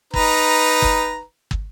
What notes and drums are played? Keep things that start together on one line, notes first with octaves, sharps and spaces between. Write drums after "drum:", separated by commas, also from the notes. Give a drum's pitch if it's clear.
D#4 B4 A#5, drum: kick
drum: kick
drum: kick